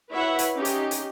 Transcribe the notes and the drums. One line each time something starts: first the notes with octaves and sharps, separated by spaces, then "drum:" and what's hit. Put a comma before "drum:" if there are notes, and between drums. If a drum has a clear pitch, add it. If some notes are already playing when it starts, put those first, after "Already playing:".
E4 F#4 B4 C#5 E5 F#5
drum: hi-hat
C#4 D#4 G4
drum: hi-hat
drum: hi-hat